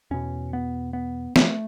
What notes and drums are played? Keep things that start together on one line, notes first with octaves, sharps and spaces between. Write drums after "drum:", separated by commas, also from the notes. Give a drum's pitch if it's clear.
E2 B2 C#4
B3
B3
A3, drum: snare